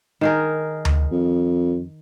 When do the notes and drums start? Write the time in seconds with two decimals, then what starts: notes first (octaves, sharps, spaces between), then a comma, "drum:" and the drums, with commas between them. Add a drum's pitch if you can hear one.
0.21 D#3 G#4 A#4
0.85 drum: tom D2
1.11 F2